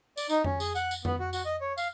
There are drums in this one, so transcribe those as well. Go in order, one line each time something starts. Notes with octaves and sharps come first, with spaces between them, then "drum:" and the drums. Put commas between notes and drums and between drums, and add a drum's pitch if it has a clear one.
D5, drum: tambourine
D#4, drum: tambourine
C#4, drum: tom F2
G#4, drum: tambourine
F#5, drum: tambourine
drum: tambourine
B3, drum: tom F2
F#4
F#4, drum: tambourine
D#5
C#5
F5, drum: tambourine